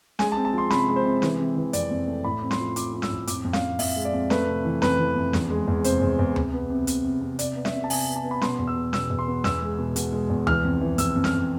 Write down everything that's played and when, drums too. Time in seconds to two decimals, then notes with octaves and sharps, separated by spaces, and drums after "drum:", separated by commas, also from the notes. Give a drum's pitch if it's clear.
0.19 G#3 G#5, drum: snare C#4
0.32 A5
0.37 C4
0.45 A5
0.53 F3 C6
0.70 C3 B5, drum: snare C#4
0.88 G#3
0.96 C5
1.05 C3
1.22 E3, drum: snare C#4
1.39 C4
1.56 E3
1.73 F2 D5, drum: hi-hat
1.91 F2
2.07 A3
2.24 A2 B5
2.42 C4
2.51 C6, drum: snare C#4
2.59 F3
2.76 F3 D6, drum: hi-hat
2.93 F3
3.02 E6, drum: snare C#4
3.10 A2
3.27 F2 D6, drum: hi-hat
3.44 F2
3.53 F5, drum: snare C#4
3.62 F2
3.79 F2 E5, drum: open hi-hat
3.96 G#3
4.05 D5
4.13 F2
4.30 A3 B4, drum: snare C#4
4.47 C3
4.65 E3
4.82 F2 B4, drum: snare C#4
4.99 E3
5.16 F2
5.33 E2, drum: snare C#4
5.50 G#3
5.67 E2
5.84 C3 C5, drum: hi-hat
6.02 E2
6.19 E2
6.36 C3, drum: tom D2
6.53 B3
6.70 C3
6.87 C3, drum: hi-hat
7.04 C3
7.21 C3
7.39 C3 D5, drum: hi-hat
7.56 B3
7.65 E5, drum: snare C#4
7.73 C3
7.84 A5
7.90 C3 G#5, drum: open hi-hat
8.07 B3
8.16 A5
8.24 B3
8.31 B5
8.41 B2 C6, drum: snare C#4
8.59 E2
8.67 E6
8.76 B2
8.93 B2 E6, drum: snare C#4
9.10 E2
9.19 C6
9.27 B3
9.44 E2 E6, drum: snare C#4
9.61 G#3
9.78 B2
9.96 B2, drum: hi-hat
10.12 G#3
10.30 E2
10.47 E3 F6, drum: tom D2
10.64 F2
10.81 E3
10.98 F2 E6, drum: hi-hat
11.16 F2
11.24 F6, drum: snare C#4
11.33 F2